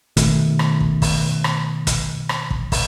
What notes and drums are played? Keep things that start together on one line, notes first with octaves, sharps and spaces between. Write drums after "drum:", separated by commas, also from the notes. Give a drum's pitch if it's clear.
B2 D#3 A3, drum: kick, hi-hat
drum: rim click
drum: kick
drum: kick, open hi-hat
drum: rim click
drum: kick, hi-hat
drum: rim click
drum: kick
drum: kick, open hi-hat